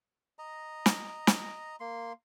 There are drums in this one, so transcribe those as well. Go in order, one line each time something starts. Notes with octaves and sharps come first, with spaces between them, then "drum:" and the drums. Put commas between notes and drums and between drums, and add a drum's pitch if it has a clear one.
D#5 A#5
drum: snare
drum: snare
A#3 C6